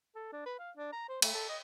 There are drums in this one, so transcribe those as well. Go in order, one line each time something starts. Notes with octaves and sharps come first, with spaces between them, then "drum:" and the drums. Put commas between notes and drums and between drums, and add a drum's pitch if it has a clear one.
A4
D4
B4
F5
D4
A#5
C5
A3, drum: cymbal
A4
D#5